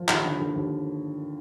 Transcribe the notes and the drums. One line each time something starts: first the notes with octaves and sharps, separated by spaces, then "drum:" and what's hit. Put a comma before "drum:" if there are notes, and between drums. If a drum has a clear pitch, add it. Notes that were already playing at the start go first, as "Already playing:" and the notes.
Already playing: F3
D#2 B5, drum: clap
D3
D3
D#2